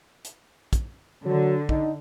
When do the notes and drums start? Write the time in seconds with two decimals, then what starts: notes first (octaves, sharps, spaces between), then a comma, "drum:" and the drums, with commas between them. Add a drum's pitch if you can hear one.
0.24 drum: hi-hat
0.73 drum: kick, hi-hat
1.25 D3 F#3
1.69 D#4, drum: kick